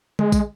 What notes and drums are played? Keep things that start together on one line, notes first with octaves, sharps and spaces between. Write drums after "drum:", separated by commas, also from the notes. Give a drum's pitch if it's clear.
G#3, drum: tom D3
drum: kick, tambourine